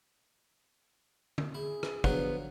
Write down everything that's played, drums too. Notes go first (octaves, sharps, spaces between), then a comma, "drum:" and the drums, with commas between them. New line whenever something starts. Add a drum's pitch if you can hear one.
drum: tom
E4 G#4
drum: rim click
D3 F3 F#3 B3, drum: kick